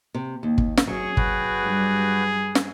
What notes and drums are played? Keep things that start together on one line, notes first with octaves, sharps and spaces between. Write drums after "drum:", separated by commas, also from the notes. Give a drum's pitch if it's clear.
C3
D#2
drum: kick
drum: snare
F#3 G#4 C#6
F#4 B4 G5, drum: kick
G2
drum: snare